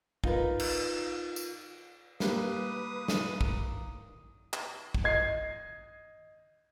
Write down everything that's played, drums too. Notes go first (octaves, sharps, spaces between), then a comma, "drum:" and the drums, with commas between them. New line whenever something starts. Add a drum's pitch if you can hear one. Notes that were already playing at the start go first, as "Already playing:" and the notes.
D#4 F4 A#4 B4, drum: kick
drum: cymbal
drum: tambourine
G3 A#3 G4 B4 D#6, drum: snare
drum: snare
drum: kick
drum: clap
drum: kick
D#5 G#6 C7